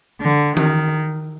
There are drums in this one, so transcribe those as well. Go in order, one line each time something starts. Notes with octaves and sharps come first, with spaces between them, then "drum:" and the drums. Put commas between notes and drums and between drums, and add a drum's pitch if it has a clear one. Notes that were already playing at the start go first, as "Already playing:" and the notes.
D3
D#3, drum: tom